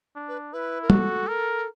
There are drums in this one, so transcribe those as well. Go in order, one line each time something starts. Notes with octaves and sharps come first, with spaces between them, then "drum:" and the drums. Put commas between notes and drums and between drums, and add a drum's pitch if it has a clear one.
D4
B4
E4 B4
A#4
F#4 A4, drum: tom
A#4